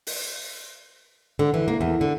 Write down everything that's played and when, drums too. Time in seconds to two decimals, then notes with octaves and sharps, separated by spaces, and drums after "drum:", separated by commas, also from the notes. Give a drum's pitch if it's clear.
0.07 drum: open hi-hat
1.39 D3
1.54 E3
1.68 A#3
1.81 E2
2.01 D3